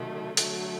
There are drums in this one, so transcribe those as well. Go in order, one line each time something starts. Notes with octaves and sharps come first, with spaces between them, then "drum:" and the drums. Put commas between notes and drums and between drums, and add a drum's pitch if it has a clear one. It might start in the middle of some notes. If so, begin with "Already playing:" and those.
Already playing: C3 D#3 F#3 A3
D3 F#3 A3, drum: hi-hat